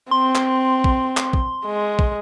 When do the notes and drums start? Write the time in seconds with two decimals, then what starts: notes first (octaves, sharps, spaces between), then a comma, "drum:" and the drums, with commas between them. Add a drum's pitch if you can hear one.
0.11 C4 C6
0.35 drum: clap
0.84 drum: kick
1.17 drum: clap
1.33 drum: kick
1.66 G#3
1.99 drum: kick